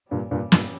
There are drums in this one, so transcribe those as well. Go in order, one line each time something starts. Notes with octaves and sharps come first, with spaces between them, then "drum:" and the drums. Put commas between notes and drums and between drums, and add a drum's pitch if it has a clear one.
G2 A#2 E3 G3 C#4
G2 A#2
G2 A#2, drum: snare